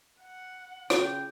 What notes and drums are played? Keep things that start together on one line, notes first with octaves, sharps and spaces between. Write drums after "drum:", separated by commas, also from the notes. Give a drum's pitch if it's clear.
F#5
C#3 F4 G5, drum: rim click